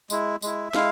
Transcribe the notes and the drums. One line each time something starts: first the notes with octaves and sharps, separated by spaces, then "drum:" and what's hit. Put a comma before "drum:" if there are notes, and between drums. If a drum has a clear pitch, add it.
G#3 E4, drum: tambourine
G#3 E4, drum: tambourine
E5
G#3 E4 F5, drum: snare